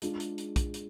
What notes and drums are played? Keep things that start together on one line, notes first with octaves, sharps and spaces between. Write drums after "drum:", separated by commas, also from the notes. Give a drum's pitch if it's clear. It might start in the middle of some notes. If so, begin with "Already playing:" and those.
G#3 D4 F4 G#4, drum: hi-hat
drum: hi-hat
drum: hi-hat
drum: kick, hi-hat
drum: hi-hat